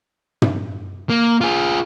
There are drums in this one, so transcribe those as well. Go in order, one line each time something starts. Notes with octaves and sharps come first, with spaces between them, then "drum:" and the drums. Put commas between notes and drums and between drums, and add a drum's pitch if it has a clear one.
drum: tom
A#3
F4 G#4